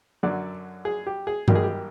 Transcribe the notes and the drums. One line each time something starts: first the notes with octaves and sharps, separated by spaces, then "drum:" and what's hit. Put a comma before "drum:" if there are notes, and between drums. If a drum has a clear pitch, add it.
F#2 D3 F#3 D5
G#4
G4
G#4
G#1 F#2 D#3 G3 A#3 G4, drum: tom G2
G#4
G4